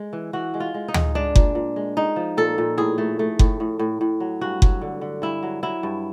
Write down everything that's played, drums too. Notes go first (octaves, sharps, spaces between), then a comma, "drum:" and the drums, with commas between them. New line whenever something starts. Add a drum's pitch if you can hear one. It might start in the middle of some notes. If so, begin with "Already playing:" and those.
Already playing: G#3
E3
E3 F#4
G#3
F4
G#3
D#4
G#3, drum: tom D2
G#3 D4
A#2, drum: kick F#1
A#2
G#3
G#3 D#4
F3
A#2 A4
A#2
A2 G#4
A3
A3
A2, drum: kick F#1
A2
A2
A2
F#3
G2 F#4
F#3, drum: kick F#1
D3
D3
G2 E4
F#3
F#3 E4
G2